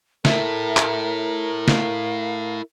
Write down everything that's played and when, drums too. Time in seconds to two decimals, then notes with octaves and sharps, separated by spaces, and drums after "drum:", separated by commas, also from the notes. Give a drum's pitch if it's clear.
0.25 E4 A4 A#4 E5, drum: snare
0.77 drum: clap
1.68 F5, drum: snare